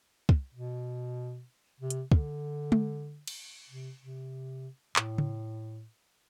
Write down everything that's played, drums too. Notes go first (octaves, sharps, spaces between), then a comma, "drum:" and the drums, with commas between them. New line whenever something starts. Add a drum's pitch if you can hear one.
drum: kick
B2
C3
drum: hi-hat
D3, drum: kick
drum: tom G#3
drum: cymbal
C3
C3
A2, drum: clap
drum: tom C#3